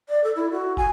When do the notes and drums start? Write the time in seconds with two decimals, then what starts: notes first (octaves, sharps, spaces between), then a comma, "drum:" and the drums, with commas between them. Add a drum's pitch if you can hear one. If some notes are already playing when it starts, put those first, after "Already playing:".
0.09 D5
0.24 A4
0.36 E4
0.51 F#4
0.77 G#5, drum: kick